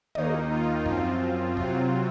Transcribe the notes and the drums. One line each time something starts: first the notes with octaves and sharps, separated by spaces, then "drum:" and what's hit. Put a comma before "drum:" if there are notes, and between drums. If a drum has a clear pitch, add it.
D#2 D#3 A#3 D#4, drum: tom
F4
F#2 F3 C4 F4, drum: kick
C3 F#3 C4 F4, drum: kick